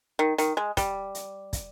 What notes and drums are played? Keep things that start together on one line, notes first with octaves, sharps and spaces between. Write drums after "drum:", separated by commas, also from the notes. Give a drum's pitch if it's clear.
D#3
D#3, drum: hi-hat
G#3
G3, drum: kick, hi-hat
drum: hi-hat
drum: kick, hi-hat